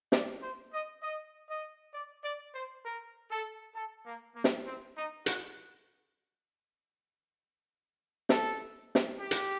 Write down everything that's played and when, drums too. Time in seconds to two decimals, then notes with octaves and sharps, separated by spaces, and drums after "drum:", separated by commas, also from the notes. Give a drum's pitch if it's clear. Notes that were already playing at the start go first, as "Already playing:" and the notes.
0.12 D5, drum: snare
0.42 C5
0.72 D#5
1.02 D#5
1.48 D#5
1.93 D5
2.23 D5
2.54 C5
2.84 A#4
3.29 A4
3.74 A4
4.05 A#3
4.35 A#3
4.44 drum: snare
4.66 C4
4.96 D#4
5.26 F#4, drum: hi-hat
8.29 A4, drum: snare
8.95 drum: snare
9.20 G4
9.31 drum: hi-hat